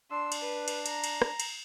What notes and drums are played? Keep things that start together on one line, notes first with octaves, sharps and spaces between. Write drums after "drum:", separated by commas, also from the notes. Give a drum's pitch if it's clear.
D4 C6 E6
drum: cymbal
B4
drum: cymbal
A#5, drum: cymbal
drum: cymbal
drum: rim click
drum: cymbal